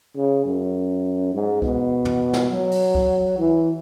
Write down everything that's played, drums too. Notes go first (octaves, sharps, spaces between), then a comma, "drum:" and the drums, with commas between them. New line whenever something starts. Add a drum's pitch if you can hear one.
C#3
F#2
G#2
B2, drum: kick C#2
drum: tom
drum: snare A#4
F#3
drum: open hi-hat
drum: kick C#2
E3